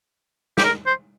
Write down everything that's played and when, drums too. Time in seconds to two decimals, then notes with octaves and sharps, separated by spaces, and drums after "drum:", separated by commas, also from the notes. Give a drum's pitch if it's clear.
0.58 G4, drum: snare
0.65 A#4
0.86 C5